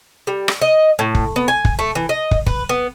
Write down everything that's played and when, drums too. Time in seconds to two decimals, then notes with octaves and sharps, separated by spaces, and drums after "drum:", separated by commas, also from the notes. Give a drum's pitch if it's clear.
0.27 G3
0.48 drum: rim click
0.62 D#5
0.99 A2
1.15 drum: kick
1.36 B3
1.48 G#5
1.65 drum: kick
1.79 A3
1.95 E3
2.09 D#5
2.31 drum: kick
2.46 B4, drum: kick
2.69 B3